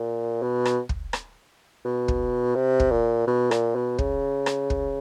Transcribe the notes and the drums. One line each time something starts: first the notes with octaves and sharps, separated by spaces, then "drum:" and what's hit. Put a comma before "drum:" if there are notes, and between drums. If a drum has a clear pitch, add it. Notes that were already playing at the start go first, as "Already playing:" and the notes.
Already playing: A#2
B2
drum: rim click
drum: kick
drum: rim click
B2
drum: kick
C3
drum: kick
A#2
B2
A#2, drum: rim click
B2
C#3, drum: kick
drum: rim click
drum: kick